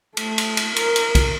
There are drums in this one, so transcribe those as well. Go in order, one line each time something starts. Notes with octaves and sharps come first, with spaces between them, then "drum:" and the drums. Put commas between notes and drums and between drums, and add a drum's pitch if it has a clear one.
A3, drum: cymbal
drum: cymbal
drum: cymbal
A#4, drum: cymbal
drum: cymbal
drum: kick, cymbal